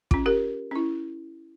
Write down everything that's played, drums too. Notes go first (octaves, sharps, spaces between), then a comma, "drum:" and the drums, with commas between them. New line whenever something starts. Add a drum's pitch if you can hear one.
C#4 F4, drum: kick
G4 A#4
C#4 E4